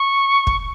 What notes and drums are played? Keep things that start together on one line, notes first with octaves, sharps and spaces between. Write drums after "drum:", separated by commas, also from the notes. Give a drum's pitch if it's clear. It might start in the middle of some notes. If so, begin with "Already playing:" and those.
Already playing: C#6
drum: kick